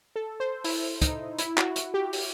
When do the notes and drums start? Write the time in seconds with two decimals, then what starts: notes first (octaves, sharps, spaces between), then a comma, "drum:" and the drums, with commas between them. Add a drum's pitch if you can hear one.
0.16 A4
0.40 C5
0.64 E4, drum: open hi-hat
1.02 D#4, drum: kick, hi-hat
1.39 E4, drum: hi-hat
1.58 F#4, drum: clap
1.76 drum: hi-hat
1.94 G4
2.13 drum: open hi-hat